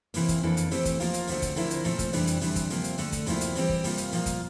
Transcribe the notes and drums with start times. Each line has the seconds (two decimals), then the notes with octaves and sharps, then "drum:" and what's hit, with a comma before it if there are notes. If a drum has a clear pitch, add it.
0.14 C3 E3 A#3, drum: open hi-hat
0.29 drum: kick, hi-hat
0.43 F2 E3 A#3 D4 A4
0.57 drum: hi-hat
0.71 E3 A3 C4 G4, drum: open hi-hat
0.85 drum: kick, hi-hat
1.00 F3 A#3 F4 A#4, drum: open hi-hat
1.14 drum: hi-hat
1.27 D2 D3 A3 C4, drum: open hi-hat
1.42 drum: kick, hi-hat
1.56 D3 F3 C4 E4 A#4, drum: open hi-hat
1.70 drum: hi-hat
1.84 A#2 F3 A3 C4, drum: open hi-hat
1.99 drum: kick, hi-hat
2.13 F2 C3 E3 G3 D4, drum: open hi-hat
2.27 drum: hi-hat
2.41 D2 C3 E3 G3 D4, drum: open hi-hat
2.56 drum: kick, hi-hat
2.70 C3 F3 A#3, drum: open hi-hat
2.84 drum: hi-hat
2.98 D3 A3 D4, drum: open hi-hat
3.12 drum: kick, hi-hat
3.26 D2 C3 F3 A#3 E4, drum: open hi-hat
3.41 drum: hi-hat
3.55 E3 G3 C4 G4, drum: open hi-hat
3.69 drum: kick
3.84 C3 G3 A#3 F4, drum: open hi-hat
3.98 drum: hi-hat
4.12 A#2 F3 A#3 F4, drum: open hi-hat
4.26 drum: kick, hi-hat